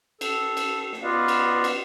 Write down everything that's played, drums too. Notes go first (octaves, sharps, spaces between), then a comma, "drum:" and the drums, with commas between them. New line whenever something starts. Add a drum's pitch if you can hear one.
A4, drum: cymbal
drum: cymbal
drum: snare
B3 F4 B4 D5 D#5 F5
drum: cymbal
drum: cymbal